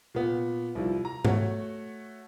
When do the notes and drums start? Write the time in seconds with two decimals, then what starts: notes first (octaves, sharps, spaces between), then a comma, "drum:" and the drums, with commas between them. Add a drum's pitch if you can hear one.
0.15 A#2 B3
0.75 C2 F3 E4
1.05 A#5
1.25 A3 F#4 C#5, drum: tom